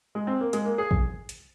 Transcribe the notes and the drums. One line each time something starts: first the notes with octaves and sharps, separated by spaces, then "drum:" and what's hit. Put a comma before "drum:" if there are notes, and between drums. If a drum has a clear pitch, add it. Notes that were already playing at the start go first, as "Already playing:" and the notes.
G#3
C4
A#3
G#3, drum: hi-hat
A#3
G#4
drum: kick
drum: hi-hat